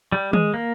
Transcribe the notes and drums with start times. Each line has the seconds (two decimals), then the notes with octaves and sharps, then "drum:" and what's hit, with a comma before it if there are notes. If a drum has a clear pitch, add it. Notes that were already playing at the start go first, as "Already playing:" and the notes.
0.12 G3
0.33 G#3, drum: tom D#3
0.54 A#3